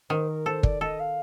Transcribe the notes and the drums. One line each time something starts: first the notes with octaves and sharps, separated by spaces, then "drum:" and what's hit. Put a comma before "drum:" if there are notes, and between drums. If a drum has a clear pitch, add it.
D#3 C5
A#4
A4 C5
D5, drum: kick
A4 D#5
F5